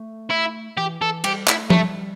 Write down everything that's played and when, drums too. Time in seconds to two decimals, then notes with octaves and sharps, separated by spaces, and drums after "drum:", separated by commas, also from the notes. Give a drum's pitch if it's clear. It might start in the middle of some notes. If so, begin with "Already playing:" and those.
Already playing: A3
0.31 E4
0.77 E3 G4
1.01 E3 A4
1.24 G3 G4, drum: cymbal
1.48 A3 E4, drum: clap
1.70 G3 A3, drum: tom F3